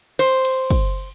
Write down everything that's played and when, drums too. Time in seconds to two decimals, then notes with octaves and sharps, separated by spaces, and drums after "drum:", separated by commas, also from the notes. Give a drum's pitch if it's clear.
0.19 C5, drum: cymbal
0.45 drum: cymbal
0.70 drum: kick, cymbal